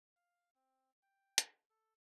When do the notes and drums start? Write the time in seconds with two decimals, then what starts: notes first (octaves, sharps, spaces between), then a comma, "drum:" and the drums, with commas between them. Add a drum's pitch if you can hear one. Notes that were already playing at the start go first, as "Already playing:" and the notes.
0.16 F5
0.55 C4
1.03 G5
1.38 drum: hi-hat
1.70 A4